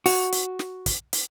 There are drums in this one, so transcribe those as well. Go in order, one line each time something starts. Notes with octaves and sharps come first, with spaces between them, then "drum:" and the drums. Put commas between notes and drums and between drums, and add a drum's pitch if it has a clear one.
F#4, drum: open hi-hat
drum: hi-hat
drum: snare
drum: kick, hi-hat
drum: hi-hat